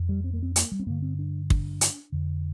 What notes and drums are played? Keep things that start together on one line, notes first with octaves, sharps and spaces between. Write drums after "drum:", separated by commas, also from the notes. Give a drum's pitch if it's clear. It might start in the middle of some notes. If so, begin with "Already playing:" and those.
Already playing: F2
G3
C4
A#3
C4
A#3, drum: hi-hat
G3
C4
G2 D3 A#3
C4
D4
D4, drum: kick
drum: hi-hat
F2 D3